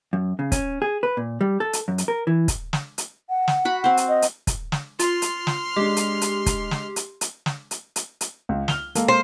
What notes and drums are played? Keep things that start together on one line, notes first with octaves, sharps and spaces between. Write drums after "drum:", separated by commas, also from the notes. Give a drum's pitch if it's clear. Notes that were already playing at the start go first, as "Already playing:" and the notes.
F#2
C#3
C#4, drum: kick, hi-hat
G#4
B4
A#2
G3
A4
drum: hi-hat
F#2
drum: hi-hat
A#4
E3
drum: kick, hi-hat
drum: snare
drum: hi-hat
F#5
drum: snare
F#4 B5
C4 C5
drum: hi-hat
D#5
drum: hi-hat
drum: kick, hi-hat
drum: snare
F4 C6 F6, drum: hi-hat
drum: hi-hat
drum: snare
G#3 D4 G4
drum: hi-hat
drum: hi-hat
drum: kick, hi-hat
drum: snare
drum: hi-hat
drum: hi-hat
drum: snare
drum: hi-hat
drum: hi-hat
drum: hi-hat
C#2
F6 F7 G7, drum: snare
G#3 A#3 A4, drum: hi-hat
C5